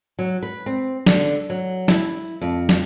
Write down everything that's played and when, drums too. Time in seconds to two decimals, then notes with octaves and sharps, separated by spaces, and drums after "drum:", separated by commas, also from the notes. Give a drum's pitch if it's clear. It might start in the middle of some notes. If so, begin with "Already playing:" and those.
0.19 F#3
0.43 B4
0.66 C4
1.07 D3, drum: snare
1.50 F#3
1.88 E4, drum: snare
2.41 F2
2.69 drum: snare